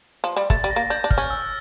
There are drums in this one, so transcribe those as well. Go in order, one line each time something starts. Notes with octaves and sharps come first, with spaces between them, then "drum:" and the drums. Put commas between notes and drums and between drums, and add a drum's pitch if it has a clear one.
F3
G3
A3 A6, drum: kick
G3
A#6
A#3
D4 G6
D4
F6, drum: kick
C#4
E6